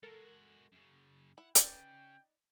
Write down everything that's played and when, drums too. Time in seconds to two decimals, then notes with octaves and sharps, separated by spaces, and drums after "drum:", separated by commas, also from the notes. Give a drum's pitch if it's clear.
0.03 G#3 F#4 A4 A#4
0.72 F#2 C#3
1.38 E4 F#5
1.55 C#3 D#4 B4 D5 G5, drum: hi-hat